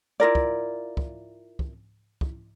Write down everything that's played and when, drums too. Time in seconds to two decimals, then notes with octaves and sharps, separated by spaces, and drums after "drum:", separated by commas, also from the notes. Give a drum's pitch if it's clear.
0.20 E4 F4 A#4 D5
0.35 drum: kick
0.97 drum: kick
1.59 drum: kick
2.21 drum: kick